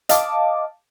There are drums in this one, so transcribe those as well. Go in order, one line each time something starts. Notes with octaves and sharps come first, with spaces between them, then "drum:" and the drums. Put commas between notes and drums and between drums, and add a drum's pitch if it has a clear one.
D#5 F5 A5 D6, drum: hi-hat